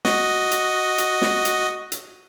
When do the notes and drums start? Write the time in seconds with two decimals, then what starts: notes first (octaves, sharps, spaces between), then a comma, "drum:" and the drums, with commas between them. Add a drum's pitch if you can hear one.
0.05 F#4 D#5, drum: snare
0.51 drum: hi-hat
0.98 drum: hi-hat
1.22 drum: snare
1.45 drum: hi-hat
1.92 drum: hi-hat